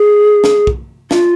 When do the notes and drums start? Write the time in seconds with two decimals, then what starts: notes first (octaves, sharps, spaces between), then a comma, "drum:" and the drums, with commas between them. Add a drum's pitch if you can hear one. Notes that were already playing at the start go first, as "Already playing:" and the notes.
Already playing: G#4
0.44 drum: snare
0.67 drum: kick
1.11 F4, drum: snare